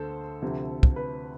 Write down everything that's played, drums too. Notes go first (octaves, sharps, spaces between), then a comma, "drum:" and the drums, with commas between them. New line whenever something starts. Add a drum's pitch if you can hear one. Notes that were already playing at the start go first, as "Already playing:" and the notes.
Already playing: D2 D3 A4 C5
D2 C3 F3
drum: kick
B4